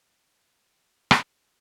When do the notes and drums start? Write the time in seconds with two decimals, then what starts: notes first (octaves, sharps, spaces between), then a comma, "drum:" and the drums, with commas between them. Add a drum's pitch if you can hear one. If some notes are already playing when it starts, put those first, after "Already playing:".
Already playing: B4
1.11 drum: rim click